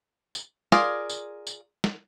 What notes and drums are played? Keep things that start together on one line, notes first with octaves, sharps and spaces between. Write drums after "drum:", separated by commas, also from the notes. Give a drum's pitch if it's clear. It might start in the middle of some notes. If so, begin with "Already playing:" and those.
drum: tambourine
F4 G#4 A#4 D5, drum: snare
drum: tambourine
drum: tambourine
drum: snare